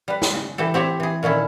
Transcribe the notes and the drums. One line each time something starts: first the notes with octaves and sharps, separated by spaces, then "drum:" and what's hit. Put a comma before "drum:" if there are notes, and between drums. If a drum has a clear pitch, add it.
G3 B4
drum: snare
C#3
E3 G4 A4
C4 G4 C#5 E5
E3 G#4
A#2 D#3 C#4 E4 A4